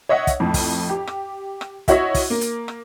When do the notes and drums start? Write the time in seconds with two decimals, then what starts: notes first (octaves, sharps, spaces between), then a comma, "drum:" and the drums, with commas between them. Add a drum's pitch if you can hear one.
0.09 C#5 D#5 E5 F#5
0.27 drum: kick, hi-hat
0.40 F2 A2
0.54 drum: kick, open hi-hat
0.89 G4
1.07 drum: rim click
1.61 drum: rim click
1.88 E4 F#4 C#5 D#5 E5, drum: kick, hi-hat
2.14 drum: kick, open hi-hat
2.30 A#3
2.41 drum: hi-hat
2.68 drum: rim click